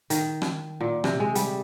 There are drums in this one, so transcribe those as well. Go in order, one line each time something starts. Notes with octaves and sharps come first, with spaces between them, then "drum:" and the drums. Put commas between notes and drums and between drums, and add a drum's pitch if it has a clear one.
D#3, drum: hi-hat
drum: rim click
A#2
C3, drum: rim click
G#3
G3, drum: hi-hat